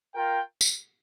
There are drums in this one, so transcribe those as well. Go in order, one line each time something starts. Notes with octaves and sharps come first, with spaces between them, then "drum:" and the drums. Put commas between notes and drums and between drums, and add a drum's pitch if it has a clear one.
F4 A#4 G5
drum: tambourine